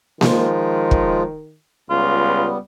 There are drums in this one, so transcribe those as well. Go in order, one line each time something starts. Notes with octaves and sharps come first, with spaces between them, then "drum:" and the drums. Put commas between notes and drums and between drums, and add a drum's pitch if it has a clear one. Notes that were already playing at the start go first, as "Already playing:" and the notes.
D#3 F3 G#3 F4, drum: snare A#3
drum: kick
C#2 G3 B3 F4